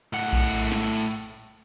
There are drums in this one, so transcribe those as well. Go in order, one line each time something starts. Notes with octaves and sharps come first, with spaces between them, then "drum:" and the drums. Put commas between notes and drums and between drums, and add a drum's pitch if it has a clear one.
A2 F#5
drum: kick A#1, hi-hat
drum: snare
drum: open hi-hat